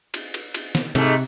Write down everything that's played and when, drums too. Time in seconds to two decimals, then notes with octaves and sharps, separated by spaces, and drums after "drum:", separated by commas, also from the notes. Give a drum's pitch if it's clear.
0.14 drum: cymbal
0.34 drum: cymbal
0.54 drum: cymbal
0.75 drum: snare
0.95 G#2 C3 A3, drum: cymbal